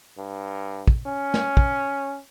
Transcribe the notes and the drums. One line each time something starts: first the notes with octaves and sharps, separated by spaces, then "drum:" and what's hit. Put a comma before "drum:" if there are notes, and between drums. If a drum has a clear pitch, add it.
G2
drum: kick
C#4
drum: snare
drum: kick